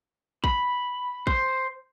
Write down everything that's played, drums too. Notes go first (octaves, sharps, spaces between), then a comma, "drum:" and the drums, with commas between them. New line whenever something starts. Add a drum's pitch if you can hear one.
B5, drum: kick
C5, drum: kick